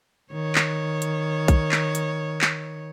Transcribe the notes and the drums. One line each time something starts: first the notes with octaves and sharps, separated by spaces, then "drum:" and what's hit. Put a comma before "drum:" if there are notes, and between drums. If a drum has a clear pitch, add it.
D#3 C#5
drum: clap
drum: hi-hat
drum: kick B1, hi-hat
drum: clap
drum: hi-hat
drum: clap